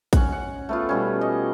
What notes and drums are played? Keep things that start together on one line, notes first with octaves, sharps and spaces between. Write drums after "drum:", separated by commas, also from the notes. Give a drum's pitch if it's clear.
C#4 F#5, drum: kick A#1, hi-hat
F#5
A3 B3 F4
B2 G3 C#4
D#5